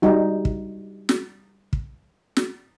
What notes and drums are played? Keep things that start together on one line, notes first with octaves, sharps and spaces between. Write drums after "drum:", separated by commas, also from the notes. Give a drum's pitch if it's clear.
G3 D#4 F#4
drum: kick
drum: snare
drum: kick
drum: snare